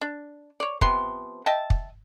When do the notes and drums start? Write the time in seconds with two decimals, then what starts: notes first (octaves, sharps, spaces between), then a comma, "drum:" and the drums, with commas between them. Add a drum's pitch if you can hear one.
0.01 D4
0.60 C#5 D5
0.81 C3 F3 B3 C6, drum: kick
1.46 D#5 E5 G5 A5
1.70 drum: kick